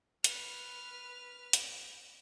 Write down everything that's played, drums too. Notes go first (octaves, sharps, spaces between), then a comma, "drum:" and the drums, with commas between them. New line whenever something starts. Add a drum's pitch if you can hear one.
B4 F6, drum: hi-hat
drum: hi-hat